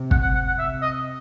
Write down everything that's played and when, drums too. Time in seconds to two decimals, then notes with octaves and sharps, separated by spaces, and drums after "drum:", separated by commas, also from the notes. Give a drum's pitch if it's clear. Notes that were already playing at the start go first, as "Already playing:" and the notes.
Already playing: C3
0.11 F#5, drum: kick
0.23 F#5
0.35 F#5
0.47 F#5
0.59 C3 E5
0.82 D#5